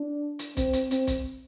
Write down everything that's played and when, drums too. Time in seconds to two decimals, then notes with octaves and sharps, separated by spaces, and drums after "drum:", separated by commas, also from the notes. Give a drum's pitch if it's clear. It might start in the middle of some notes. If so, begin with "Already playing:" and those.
Already playing: D4
0.39 drum: hi-hat
0.57 C4, drum: kick, hi-hat
0.73 drum: hi-hat
0.91 C4, drum: hi-hat
1.07 drum: kick, hi-hat